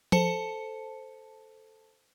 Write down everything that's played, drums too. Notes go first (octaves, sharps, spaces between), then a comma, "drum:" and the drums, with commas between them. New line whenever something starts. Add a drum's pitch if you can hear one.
A4 C5 A5 C#7, drum: tom F3